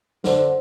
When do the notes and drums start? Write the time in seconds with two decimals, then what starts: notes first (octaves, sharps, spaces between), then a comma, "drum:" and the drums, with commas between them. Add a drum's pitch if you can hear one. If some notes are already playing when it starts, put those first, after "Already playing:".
0.24 D3 C5, drum: snare